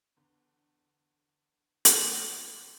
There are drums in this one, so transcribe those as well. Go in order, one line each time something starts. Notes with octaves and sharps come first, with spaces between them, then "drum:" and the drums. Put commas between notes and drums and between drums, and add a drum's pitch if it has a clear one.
E2 D3
drum: hi-hat